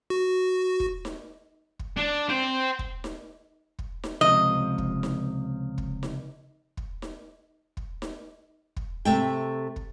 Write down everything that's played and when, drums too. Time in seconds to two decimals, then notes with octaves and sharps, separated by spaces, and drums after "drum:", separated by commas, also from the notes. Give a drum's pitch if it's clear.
0.10 F#4
0.80 drum: kick
1.05 drum: snare D#4
1.79 drum: kick
1.97 D4
2.29 C5 G5
2.79 drum: kick
3.04 drum: snare D#4
3.79 drum: kick
4.04 drum: snare D#4
4.21 C#2 C3 F3 D#5
4.78 drum: kick
5.03 drum: snare D#4
5.78 drum: kick
6.03 drum: snare D#4
6.77 drum: kick
7.02 drum: snare D#4
7.77 drum: kick
8.02 drum: snare D#4
8.77 drum: kick
9.05 C3 A3 G5
9.76 drum: kick